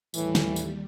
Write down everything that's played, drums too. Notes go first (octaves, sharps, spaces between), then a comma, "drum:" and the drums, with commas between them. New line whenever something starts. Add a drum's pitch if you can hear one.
D#2 A2 E3 G3, drum: tambourine
drum: snare
drum: tambourine